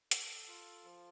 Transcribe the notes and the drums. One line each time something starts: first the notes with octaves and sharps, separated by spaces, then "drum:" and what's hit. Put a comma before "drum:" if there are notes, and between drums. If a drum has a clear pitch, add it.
A4, drum: hi-hat
F4
F3